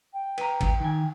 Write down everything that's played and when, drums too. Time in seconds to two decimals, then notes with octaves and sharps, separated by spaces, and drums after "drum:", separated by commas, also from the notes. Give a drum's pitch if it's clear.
0.13 G5
0.38 B4 A#5, drum: cymbal
0.61 drum: kick, cymbal
0.80 D#3 G#5